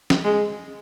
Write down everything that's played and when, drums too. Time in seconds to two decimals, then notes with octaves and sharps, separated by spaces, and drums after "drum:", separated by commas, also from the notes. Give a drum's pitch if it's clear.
0.10 drum: snare
0.24 G#3